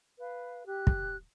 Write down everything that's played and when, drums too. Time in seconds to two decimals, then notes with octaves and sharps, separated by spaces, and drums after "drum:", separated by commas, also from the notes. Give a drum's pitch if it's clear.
0.20 B4 F5
0.67 G4 F#6
0.87 drum: kick